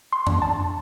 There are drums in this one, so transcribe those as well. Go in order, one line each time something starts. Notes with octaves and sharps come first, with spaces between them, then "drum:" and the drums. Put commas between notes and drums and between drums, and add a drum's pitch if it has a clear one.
C6
D4, drum: tom F2
A5